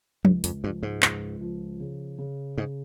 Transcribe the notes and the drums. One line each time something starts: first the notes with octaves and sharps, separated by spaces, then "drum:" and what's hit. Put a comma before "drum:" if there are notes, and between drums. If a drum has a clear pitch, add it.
C#2 G2, drum: tom F3
F2, drum: hi-hat
G2 F3
G#2
C#2, drum: clap
F3
C#3
C#3
G#2 C#3